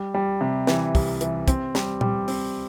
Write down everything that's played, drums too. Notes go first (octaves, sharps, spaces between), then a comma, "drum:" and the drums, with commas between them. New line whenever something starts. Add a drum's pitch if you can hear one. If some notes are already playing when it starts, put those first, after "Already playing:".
Already playing: G3
G3
C3
E3, drum: snare
C2, drum: kick, open hi-hat
E3, drum: hi-hat
C4, drum: kick, hi-hat
G3, drum: snare
G3, drum: tom A#2
C4, drum: open hi-hat